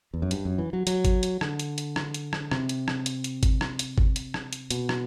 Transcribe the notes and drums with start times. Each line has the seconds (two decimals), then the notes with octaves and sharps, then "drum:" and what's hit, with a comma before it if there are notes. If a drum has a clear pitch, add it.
0.14 E2
0.22 F#2
0.31 G2, drum: hi-hat
0.45 F#2
0.58 E3
0.73 F#3
0.87 F#3, drum: hi-hat
1.05 drum: kick G1, hi-hat
1.23 drum: hi-hat
1.41 D3, drum: rim click
1.59 drum: hi-hat
1.78 drum: hi-hat
1.96 drum: rim click
2.14 drum: hi-hat
2.33 drum: rim click
2.51 C3, drum: rim click
2.69 drum: hi-hat
2.88 drum: rim click
3.06 drum: hi-hat
3.24 drum: hi-hat
3.43 drum: kick G1, hi-hat
3.61 drum: rim click
3.79 drum: hi-hat
3.98 drum: kick G1
4.16 drum: hi-hat
4.34 drum: rim click
4.53 drum: hi-hat
4.71 B2, drum: hi-hat
4.89 drum: rim click